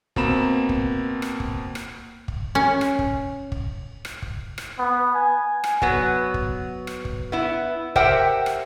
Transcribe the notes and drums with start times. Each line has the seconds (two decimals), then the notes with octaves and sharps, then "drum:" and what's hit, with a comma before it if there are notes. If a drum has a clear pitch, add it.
0.16 B2 A#3 C4 A#5 B5 E7, drum: kick
0.69 drum: kick
1.22 drum: rim click
1.40 drum: kick
1.75 drum: rim click
2.28 drum: kick
2.55 C#4
2.81 drum: rim click
2.99 drum: kick
3.52 drum: kick
4.05 drum: rim click
4.22 drum: kick
4.58 drum: rim click
4.79 B3
5.14 G#5
5.64 drum: rim click
5.82 F#3 B3, drum: kick
6.34 drum: kick
6.87 drum: rim click
7.05 drum: kick
7.32 B3 E4
7.96 G4 A#4 C5 E5 F#5 G5, drum: kick
8.46 drum: rim click